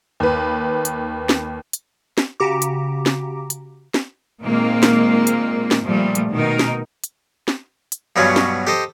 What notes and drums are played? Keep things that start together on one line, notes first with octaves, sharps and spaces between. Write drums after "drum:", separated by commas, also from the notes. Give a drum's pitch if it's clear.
D#2 B4
drum: hi-hat
drum: snare
drum: hi-hat
drum: snare
C#3 F#4 G4 A#5 D6
drum: hi-hat
drum: snare
drum: hi-hat
drum: snare
A#2 D#3 G#3 A#3 C4
drum: snare
drum: hi-hat
drum: snare
A#2 F3 G3 A3
drum: hi-hat
B2 D#3 D#4 A#4
drum: snare
drum: hi-hat
drum: snare
drum: hi-hat
G2 B2 F#3 C#4 F4
drum: snare
G4 A4 C5 D#5